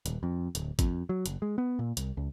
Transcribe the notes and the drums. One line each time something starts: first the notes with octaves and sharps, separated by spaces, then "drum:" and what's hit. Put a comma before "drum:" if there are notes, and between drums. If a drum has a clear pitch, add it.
D#1, drum: hi-hat
F2
D1, drum: hi-hat
F2, drum: kick G#1, hi-hat
F#3
F#1, drum: hi-hat
G#3
B3
A#2
C2, drum: hi-hat
C#2